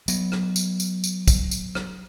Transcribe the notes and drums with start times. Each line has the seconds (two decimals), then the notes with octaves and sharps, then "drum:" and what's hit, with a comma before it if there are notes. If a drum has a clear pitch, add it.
0.08 F#3 B3, drum: tambourine
0.32 drum: rim click
0.56 drum: tambourine
0.80 drum: tambourine
1.04 drum: tambourine
1.28 drum: kick, tambourine
1.51 drum: tambourine
1.75 drum: rim click